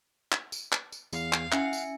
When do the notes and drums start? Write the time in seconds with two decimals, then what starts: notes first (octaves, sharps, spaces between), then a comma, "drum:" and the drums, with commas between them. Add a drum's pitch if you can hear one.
0.32 drum: clap
0.52 drum: tambourine
0.72 drum: clap
0.92 drum: tambourine
1.13 E2 F5, drum: tambourine
1.33 drum: clap
1.52 C#4 E4 E5 F#5 G#5 C#7, drum: clap
1.73 drum: tambourine